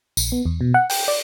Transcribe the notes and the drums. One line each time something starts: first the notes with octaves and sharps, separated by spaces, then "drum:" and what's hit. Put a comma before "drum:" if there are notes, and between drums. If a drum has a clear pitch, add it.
A#1, drum: tambourine
B3
E2
B2
F#5
G5, drum: open hi-hat
D5